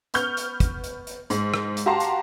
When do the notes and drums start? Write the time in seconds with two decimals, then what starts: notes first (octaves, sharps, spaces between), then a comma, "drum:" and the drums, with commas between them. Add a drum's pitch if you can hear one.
0.14 B3 C#6 F6 G6, drum: hi-hat
0.37 drum: hi-hat
0.60 drum: kick, hi-hat
0.84 drum: hi-hat
1.07 drum: hi-hat
1.30 G#2, drum: hi-hat
1.54 drum: rim click
1.77 drum: hi-hat
1.86 F#4 G4 F5 A5 A#5 C6
2.00 drum: hi-hat